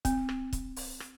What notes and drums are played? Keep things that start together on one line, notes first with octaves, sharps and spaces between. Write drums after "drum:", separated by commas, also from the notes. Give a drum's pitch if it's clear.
C4, drum: kick, hi-hat
drum: rim click
drum: kick, hi-hat
drum: open hi-hat
drum: rim click